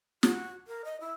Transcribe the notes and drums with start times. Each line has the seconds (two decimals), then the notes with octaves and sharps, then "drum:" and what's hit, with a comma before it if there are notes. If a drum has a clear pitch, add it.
0.23 F#4, drum: snare
0.68 A#4
0.85 D#5
1.00 E4